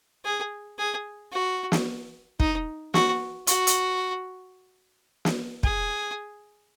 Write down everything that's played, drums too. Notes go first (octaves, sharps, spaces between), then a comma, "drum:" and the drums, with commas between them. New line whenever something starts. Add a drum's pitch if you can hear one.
G#4
G#4
F#4
drum: snare
D#4, drum: kick
F#4, drum: snare
F#4, drum: hi-hat
drum: hi-hat
drum: snare
G#4, drum: kick